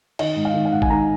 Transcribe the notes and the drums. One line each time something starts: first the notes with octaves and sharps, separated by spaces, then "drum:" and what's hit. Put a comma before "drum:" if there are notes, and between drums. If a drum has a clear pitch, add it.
D#3 D#5, drum: cymbal
G#2
F5
D#3
F5
G#2 F#5
G#5, drum: kick G#1
D#3 A#5